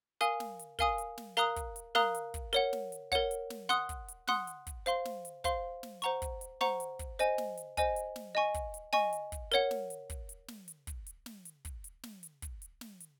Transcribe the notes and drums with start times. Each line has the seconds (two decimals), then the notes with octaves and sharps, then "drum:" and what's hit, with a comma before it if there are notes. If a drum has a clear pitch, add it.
0.21 A#4 F5 G#5 D#6, drum: hi-hat
0.40 drum: snare
0.59 drum: hi-hat
0.79 A#4 F5 G#5 D#6, drum: kick, hi-hat
0.98 drum: hi-hat
1.18 drum: snare
1.37 A#4 F5 A#5 D#6 F#6, drum: hi-hat
1.56 drum: kick, hi-hat
1.76 drum: hi-hat
1.95 A#4 F5 A#5 D#6 F#6, drum: snare
2.14 drum: hi-hat
2.34 drum: kick, hi-hat
2.53 A#4 C#5 F#5, drum: hi-hat
2.73 drum: snare
2.92 drum: hi-hat
3.12 A#4 C#5 F#5, drum: kick, hi-hat
3.31 drum: hi-hat
3.50 drum: snare
3.69 F#5 C6 D#6 F#6, drum: hi-hat
3.89 drum: kick, hi-hat
4.08 drum: hi-hat
4.28 F#5 C6 D#6 F#6, drum: snare
4.47 drum: hi-hat
4.67 drum: kick, hi-hat
4.86 C5 F5 C6, drum: hi-hat
5.05 drum: snare
5.25 drum: hi-hat
5.44 C5 F5 C6, drum: kick, hi-hat
5.83 drum: snare
6.02 C5 F#5 A#5 C#6, drum: hi-hat
6.22 drum: kick, hi-hat
6.41 drum: hi-hat
6.61 C5 F#5 A#5 C#6, drum: snare
6.80 drum: hi-hat
6.99 drum: kick, hi-hat
7.19 C5 D#5 G#5, drum: hi-hat
7.38 drum: snare
7.57 drum: hi-hat
7.77 C5 D#5 G#5, drum: kick, hi-hat
7.96 drum: hi-hat
8.16 drum: snare
8.35 D#5 G#5 C#6
8.54 drum: kick, hi-hat
8.74 drum: hi-hat
8.93 D#5 G#5 C#6, drum: snare
9.13 drum: hi-hat
9.32 drum: kick, hi-hat
9.52 A#4 C#5 F#5, drum: hi-hat
9.71 drum: snare
9.90 drum: hi-hat
10.10 drum: kick, hi-hat
10.29 drum: hi-hat
10.48 drum: snare
10.68 drum: hi-hat
10.87 drum: kick, hi-hat
11.06 drum: hi-hat
11.26 drum: snare
11.45 drum: hi-hat
11.65 drum: kick, hi-hat
11.84 drum: hi-hat
12.03 drum: snare
12.23 drum: hi-hat
12.42 drum: kick, hi-hat
12.62 drum: hi-hat
12.81 drum: snare
13.00 drum: hi-hat